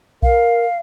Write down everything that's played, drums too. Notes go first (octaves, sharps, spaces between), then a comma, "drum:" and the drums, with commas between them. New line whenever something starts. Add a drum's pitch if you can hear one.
A#4 F5, drum: kick B1